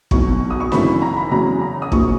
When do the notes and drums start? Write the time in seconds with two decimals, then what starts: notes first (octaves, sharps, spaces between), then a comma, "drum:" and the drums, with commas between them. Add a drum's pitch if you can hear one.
0.11 B1 B2 F#3 C#6, drum: kick
0.50 D#6
0.60 C#6
0.72 G#1 F#2 C#3 E3 B5, drum: snare
1.02 A#5
1.17 B5
1.31 E2 C#3 F#3 A#5
1.62 A#5
1.82 D#6
1.92 A#1 A#2 F#3 C#6, drum: kick